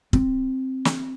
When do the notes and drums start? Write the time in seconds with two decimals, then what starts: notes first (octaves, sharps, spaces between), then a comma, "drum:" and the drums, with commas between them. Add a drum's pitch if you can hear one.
0.13 C4, drum: kick
0.85 drum: snare